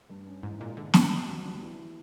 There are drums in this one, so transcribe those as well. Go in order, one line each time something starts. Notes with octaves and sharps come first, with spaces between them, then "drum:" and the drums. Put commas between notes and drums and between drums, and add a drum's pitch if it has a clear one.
G2
C#4
G#2 E3
A#2 G#3
D3 E3
G3, drum: snare
G3
D2
G3
E3